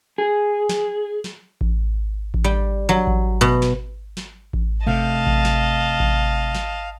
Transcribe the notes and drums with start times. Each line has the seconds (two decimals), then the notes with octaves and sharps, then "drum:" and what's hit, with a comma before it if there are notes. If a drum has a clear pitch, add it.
0.18 G#4
0.69 drum: snare
1.24 drum: snare
1.61 drum: kick A1
2.34 drum: kick A1
2.44 G3
2.89 F#3
3.07 drum: kick A1
3.41 B2
3.62 drum: snare
4.17 drum: snare
4.53 drum: kick A1
4.87 C3 A3 D#5 F5 A5
5.27 drum: kick A1
5.45 drum: snare
6.00 drum: kick A1
6.55 drum: snare